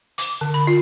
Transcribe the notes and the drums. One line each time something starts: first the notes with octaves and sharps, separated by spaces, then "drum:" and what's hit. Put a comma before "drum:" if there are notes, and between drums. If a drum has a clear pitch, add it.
D6, drum: hi-hat
D3
B5
F4